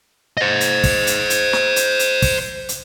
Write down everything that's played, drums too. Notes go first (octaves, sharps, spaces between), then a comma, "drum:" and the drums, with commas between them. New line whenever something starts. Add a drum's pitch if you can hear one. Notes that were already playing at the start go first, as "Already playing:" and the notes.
C5 D#5
drum: hi-hat
drum: kick, open hi-hat
drum: hi-hat
drum: hi-hat
drum: snare
drum: hi-hat
drum: hi-hat
drum: kick, open hi-hat
drum: hi-hat